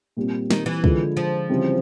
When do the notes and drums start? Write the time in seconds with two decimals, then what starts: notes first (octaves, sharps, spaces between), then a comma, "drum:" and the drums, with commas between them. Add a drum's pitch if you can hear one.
0.17 A#2 G3 C4
0.51 D#3, drum: snare
0.66 E3
0.84 D3 F3 G#3, drum: kick
1.17 F3
1.49 C#3 E3 G3 C4